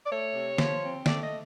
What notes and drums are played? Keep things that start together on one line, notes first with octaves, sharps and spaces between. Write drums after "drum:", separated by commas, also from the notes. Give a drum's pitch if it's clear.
D5
A3 C#5
C3
F3, drum: snare
C4
A3 D5, drum: snare
D#5